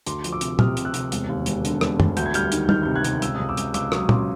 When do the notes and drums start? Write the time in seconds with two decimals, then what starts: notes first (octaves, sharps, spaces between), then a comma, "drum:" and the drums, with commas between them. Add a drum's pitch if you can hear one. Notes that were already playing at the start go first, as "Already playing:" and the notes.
0.07 D2 C6 D6, drum: hi-hat
0.24 F3, drum: hi-hat
0.32 D6 E6
0.41 C3, drum: hi-hat
0.59 C3 D#6 F6, drum: tom
0.77 C3, drum: hi-hat
0.85 E6 F#6
0.94 C3, drum: hi-hat
1.12 E1, drum: hi-hat
1.29 D#2
1.46 E1, drum: hi-hat
1.65 D3, drum: hi-hat
1.81 E1, drum: rim click
2.00 E1, drum: tom
2.17 D2 G6, drum: hi-hat
2.26 G#6
2.34 G3 F6 G6, drum: hi-hat
2.52 D#3, drum: hi-hat
2.69 D#3 F6 G6, drum: tom
2.83 C3 G6
2.96 F#6 G#6
3.04 C3, drum: hi-hat
3.22 C#2 E6, drum: hi-hat
3.35 C#2 D#6
3.49 D6 E6
3.57 C#2, drum: hi-hat
3.74 C#2 D6 E6, drum: hi-hat
3.92 F#3 C#6 D#6, drum: rim click
4.09 C#3 C6 D6, drum: tom